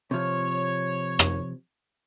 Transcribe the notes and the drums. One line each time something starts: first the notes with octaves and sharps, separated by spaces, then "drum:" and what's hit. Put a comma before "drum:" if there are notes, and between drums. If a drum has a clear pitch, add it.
C3 F3 C#5
drum: rim click